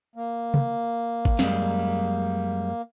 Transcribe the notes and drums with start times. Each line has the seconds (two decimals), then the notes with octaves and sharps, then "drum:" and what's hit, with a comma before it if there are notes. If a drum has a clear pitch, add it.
0.16 A#3
0.54 drum: tom C3
1.25 drum: kick G#1
1.39 F#2 G3 G#3, drum: snare